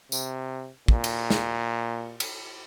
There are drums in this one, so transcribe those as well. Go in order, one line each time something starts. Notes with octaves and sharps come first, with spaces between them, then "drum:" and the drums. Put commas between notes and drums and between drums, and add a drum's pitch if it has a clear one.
C3, drum: tambourine
A#2, drum: kick
drum: cymbal
drum: snare
drum: cymbal